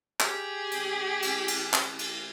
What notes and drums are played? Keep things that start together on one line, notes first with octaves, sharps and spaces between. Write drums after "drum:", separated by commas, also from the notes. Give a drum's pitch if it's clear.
G4 G#4, drum: clap
drum: cymbal
drum: cymbal
drum: cymbal
drum: clap
drum: cymbal